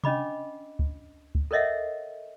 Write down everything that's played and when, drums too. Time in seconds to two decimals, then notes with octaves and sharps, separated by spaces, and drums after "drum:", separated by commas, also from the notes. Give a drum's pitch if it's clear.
0.04 C#4 D4 D#5 B5 D6, drum: tom C3
0.79 drum: kick C#2
1.35 drum: kick C#2
1.51 A4 A#4 C#5 D#5 E5 F#5